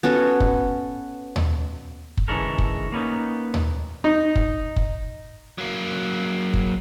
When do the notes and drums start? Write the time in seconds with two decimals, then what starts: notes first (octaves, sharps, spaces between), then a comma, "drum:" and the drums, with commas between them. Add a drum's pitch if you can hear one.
0.03 B3 C#4 F#4 A4
0.40 drum: kick
1.36 drum: tom D#2
2.17 drum: kick
2.28 D3 E3 G#3 C#4 A4 A#4
2.58 drum: kick
2.92 A#3 B3 C#4 D#4
3.54 drum: tom D#2
4.04 D#4
4.36 drum: kick
4.76 drum: kick
5.58 F#3 A#3
6.54 drum: kick